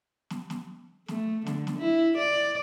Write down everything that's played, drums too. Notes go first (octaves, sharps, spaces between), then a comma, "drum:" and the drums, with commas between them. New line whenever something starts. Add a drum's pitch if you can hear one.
drum: snare
drum: snare
A3, drum: snare
D3, drum: snare
drum: snare
E4
D5